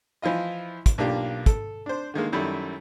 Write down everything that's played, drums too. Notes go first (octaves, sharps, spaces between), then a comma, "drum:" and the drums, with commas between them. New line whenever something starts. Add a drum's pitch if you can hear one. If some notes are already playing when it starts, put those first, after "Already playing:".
E3 F3 E4 F4 D#5
drum: kick, hi-hat
B1 A#3 D4 F4 G4
A4, drum: kick, hi-hat
D4 C5
D3 D#3 G#3 A#3
F#2 D#3 G3 A3 E4